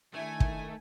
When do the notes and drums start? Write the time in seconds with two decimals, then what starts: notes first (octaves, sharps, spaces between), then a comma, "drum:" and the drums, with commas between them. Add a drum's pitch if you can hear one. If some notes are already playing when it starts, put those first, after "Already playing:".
0.14 D#3 A3 D4 E4 G#5
0.40 drum: kick